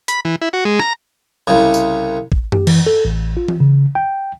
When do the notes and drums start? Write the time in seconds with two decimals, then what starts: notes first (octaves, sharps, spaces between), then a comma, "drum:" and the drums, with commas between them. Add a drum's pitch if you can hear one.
0.08 B5, drum: hi-hat
0.25 E3
0.42 E4
0.53 F#4
0.65 G#3
0.79 A#5, drum: rim click
1.47 C2 C#3
1.74 drum: tambourine
2.32 drum: kick
2.52 G4, drum: tom F#2
2.67 E3, drum: cymbal
2.87 A4
3.05 A1
3.37 F4
3.48 drum: tom E3
3.60 C#3
3.95 G5